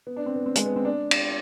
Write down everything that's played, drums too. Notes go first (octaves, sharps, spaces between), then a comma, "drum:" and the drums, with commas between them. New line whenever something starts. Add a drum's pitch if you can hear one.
B3
D4
C4
B3
C4
G#3, drum: hi-hat
B3
C4
D4
drum: cymbal